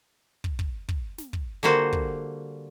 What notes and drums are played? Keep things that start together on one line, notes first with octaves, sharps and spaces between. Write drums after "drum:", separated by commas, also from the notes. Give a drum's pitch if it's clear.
drum: kick
drum: kick
drum: kick
drum: snare
drum: kick
D3 G3 A#3 F#4 C5
drum: kick